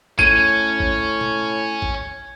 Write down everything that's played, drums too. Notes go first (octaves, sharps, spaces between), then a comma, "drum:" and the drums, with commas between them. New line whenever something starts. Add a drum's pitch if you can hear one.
A2 C#4 G#6 D#7, drum: kick A1
drum: kick A1
drum: tom
drum: kick A1